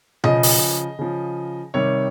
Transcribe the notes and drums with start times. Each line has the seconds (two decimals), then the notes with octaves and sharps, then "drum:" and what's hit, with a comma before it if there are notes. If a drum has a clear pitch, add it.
0.24 C#3 F3 D#5, drum: tom B2
0.43 drum: open hi-hat
0.99 C#3 F3
1.74 C3 D#3 G3 C#5